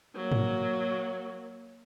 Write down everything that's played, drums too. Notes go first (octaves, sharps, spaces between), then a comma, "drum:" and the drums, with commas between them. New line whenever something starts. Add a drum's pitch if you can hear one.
F#3 A#3
drum: tom G#2